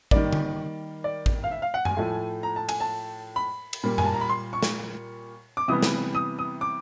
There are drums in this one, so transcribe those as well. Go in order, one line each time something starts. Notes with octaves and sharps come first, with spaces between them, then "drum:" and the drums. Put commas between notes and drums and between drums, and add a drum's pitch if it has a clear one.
D#3 G3 A#3 D5, drum: kick
drum: tom D3
D5
drum: kick
F5
E5
F5
F#5
G#5, drum: tom F#2
A2 F3 A3
A#5
A5
G#5, drum: cymbal
A5
B5
drum: cymbal
A#2 G3 A#3
G#5, drum: tom F#2
A5
A#5
B5
C6
C#6
drum: snare
D6
C3 E3 G3 B3 D#6
drum: snare
D#6
D#6
D6